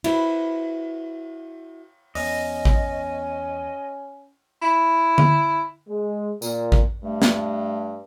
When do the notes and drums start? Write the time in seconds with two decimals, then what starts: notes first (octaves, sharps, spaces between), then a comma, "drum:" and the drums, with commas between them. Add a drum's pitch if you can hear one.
0.04 E4 F#4 B4 C5, drum: cymbal
2.15 E2 B3 C#4 D#5, drum: open hi-hat
2.65 drum: kick A1
4.62 E4
5.18 drum: tom D3
5.87 G#3
6.42 A#2, drum: tambourine
6.72 drum: kick A1
7.04 G2 A3
7.22 drum: snare